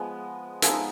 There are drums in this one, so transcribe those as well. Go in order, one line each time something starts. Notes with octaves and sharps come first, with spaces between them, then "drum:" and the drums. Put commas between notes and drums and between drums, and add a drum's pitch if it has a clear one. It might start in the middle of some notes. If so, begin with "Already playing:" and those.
Already playing: F3 G#3 B3
F3 G#3 B3 D#4 E5, drum: hi-hat